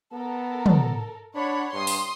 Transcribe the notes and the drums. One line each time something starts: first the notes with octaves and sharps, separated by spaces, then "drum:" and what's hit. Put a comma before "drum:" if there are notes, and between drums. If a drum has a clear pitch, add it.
B3 A4 A#4
drum: tom
D4 C#5 F#5 B5
G2 C6 D#6
drum: open hi-hat